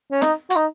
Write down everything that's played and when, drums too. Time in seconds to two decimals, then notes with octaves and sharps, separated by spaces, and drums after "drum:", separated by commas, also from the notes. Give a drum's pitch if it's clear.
0.12 C#4
0.22 D#4, drum: snare
0.50 F#4, drum: hi-hat
0.56 D#4